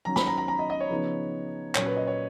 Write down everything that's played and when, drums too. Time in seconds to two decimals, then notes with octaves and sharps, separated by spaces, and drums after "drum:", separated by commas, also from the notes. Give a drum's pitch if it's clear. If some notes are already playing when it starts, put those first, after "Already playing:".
0.05 D#3 F#3 C#4 A#5
0.16 B5, drum: snare
0.27 A#5
0.38 A#5
0.48 A#5
0.59 D#5
0.70 D#5
0.80 C#5
0.90 C#3 F3 B3 D#4
1.75 A#2 F#3 C#4 C#5, drum: clap
1.86 B4
1.96 D#5
2.07 C#5